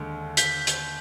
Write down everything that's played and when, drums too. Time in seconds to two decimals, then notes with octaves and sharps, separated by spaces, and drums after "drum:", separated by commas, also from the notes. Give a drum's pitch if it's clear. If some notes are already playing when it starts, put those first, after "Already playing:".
Already playing: D#2 D3 G#3
0.37 G6 B6, drum: hi-hat
0.67 drum: hi-hat